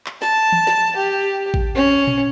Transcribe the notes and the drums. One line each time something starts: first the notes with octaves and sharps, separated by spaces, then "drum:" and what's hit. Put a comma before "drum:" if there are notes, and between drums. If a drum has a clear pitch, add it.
drum: clap
A5, drum: snare
drum: tom E3
drum: snare
G4
drum: kick A1
C#4
drum: tom A#2